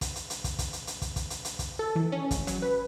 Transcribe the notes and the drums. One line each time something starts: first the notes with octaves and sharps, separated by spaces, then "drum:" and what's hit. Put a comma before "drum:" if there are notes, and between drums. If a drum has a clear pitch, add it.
drum: kick, hi-hat
drum: hi-hat
drum: hi-hat
drum: kick, hi-hat
drum: kick, hi-hat
drum: hi-hat
drum: hi-hat
drum: kick, hi-hat
drum: kick, hi-hat
drum: hi-hat
drum: hi-hat
drum: kick, hi-hat
A4
E3
C#4
G#1, drum: kick, hi-hat
F#3, drum: hi-hat
B4